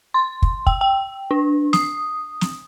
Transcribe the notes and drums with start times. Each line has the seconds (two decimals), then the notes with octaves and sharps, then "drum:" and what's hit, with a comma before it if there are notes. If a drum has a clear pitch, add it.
0.14 C6
0.42 drum: kick
0.67 G5, drum: kick
0.81 G5
1.31 D4
1.73 D#6, drum: snare
2.41 drum: snare